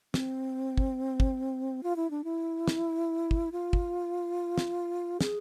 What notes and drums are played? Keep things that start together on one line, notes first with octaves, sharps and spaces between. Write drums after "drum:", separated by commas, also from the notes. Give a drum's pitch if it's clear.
C4, drum: snare
drum: kick
drum: kick
F4
E4
D4
E4
drum: snare
drum: kick
F4
drum: kick
drum: snare
G#4, drum: snare